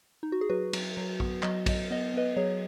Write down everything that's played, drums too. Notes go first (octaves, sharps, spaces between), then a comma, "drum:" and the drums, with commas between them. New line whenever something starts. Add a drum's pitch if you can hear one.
D#4
F#4
G#4
F#3 F#4 B4
F#3, drum: cymbal
F#3
B3, drum: kick
F#3 D#5, drum: clap
F#3 D#5, drum: kick, cymbal
B3 D#5
B3 B4 D#5
F#3 G#4 C#5